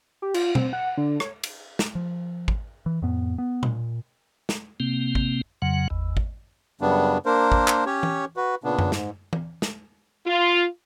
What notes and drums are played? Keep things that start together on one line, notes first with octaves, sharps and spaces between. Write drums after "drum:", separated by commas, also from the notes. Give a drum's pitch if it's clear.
G4
F4, drum: cymbal
C4, drum: tom B2
F#5
D3
C#5, drum: rim click
drum: cymbal
drum: snare
F3
drum: kick
E3
F2 A2 B3
B3
A#2, drum: tom B2
drum: snare
C3 A#3 C4
drum: kick
F2 C#3 F#3 F#5
G#1 E2
drum: kick
F#2 C#3 G3 B3 D4
A#3 D4 A#4 C5
drum: kick
drum: clap
C#4 G4 C#5
drum: tom E3
F#4 B4
A#2 C#3 B3 D4
drum: tom F#2
G#2, drum: snare
drum: tom E3
drum: snare
F4